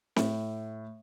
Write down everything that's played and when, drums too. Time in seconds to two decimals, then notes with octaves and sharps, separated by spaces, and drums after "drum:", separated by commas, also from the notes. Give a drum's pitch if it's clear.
0.16 A2, drum: snare C4